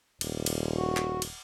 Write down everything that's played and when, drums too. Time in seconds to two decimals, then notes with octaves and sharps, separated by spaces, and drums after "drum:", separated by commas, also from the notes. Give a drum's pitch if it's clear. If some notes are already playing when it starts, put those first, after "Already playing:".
0.21 D#1, drum: cymbal
0.46 drum: cymbal
0.76 F#4
0.97 drum: clap
1.22 drum: cymbal